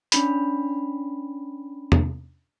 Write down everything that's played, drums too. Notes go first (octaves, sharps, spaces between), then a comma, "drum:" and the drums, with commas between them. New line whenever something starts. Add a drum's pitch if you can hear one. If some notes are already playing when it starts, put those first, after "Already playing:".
C#4 D4 B5, drum: hi-hat
drum: tom E2